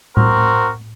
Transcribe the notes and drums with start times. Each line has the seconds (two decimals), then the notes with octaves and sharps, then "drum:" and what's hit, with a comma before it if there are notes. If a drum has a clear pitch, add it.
0.17 C4 F#4 A#4, drum: tom A2